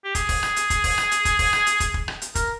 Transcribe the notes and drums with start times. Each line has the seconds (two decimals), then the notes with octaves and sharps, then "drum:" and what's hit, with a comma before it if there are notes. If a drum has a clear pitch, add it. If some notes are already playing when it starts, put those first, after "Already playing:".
0.04 G4
0.15 G#4, drum: kick, hi-hat
0.29 drum: kick, open hi-hat
0.43 drum: rim click
0.56 drum: hi-hat
0.70 drum: kick, hi-hat
0.84 drum: kick, open hi-hat
0.98 drum: rim click
1.11 drum: hi-hat
1.25 drum: kick, hi-hat
1.39 drum: kick, open hi-hat
1.53 drum: rim click
1.67 drum: hi-hat
1.80 drum: kick, hi-hat
1.94 drum: kick
2.08 drum: rim click
2.22 drum: hi-hat
2.35 A#4, drum: kick, hi-hat